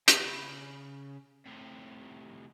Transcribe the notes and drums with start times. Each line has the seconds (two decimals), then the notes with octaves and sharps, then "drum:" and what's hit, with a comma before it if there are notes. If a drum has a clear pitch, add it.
0.08 C#3 B5, drum: hi-hat
1.46 A2 C3